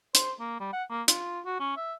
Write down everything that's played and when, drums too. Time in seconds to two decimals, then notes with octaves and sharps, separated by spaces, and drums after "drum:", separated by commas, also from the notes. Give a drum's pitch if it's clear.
0.15 C5, drum: hi-hat
0.40 A#3
0.60 G3
0.73 F#5
0.90 A#3
1.08 F4, drum: hi-hat
1.45 F#4
1.60 C#4
1.77 E5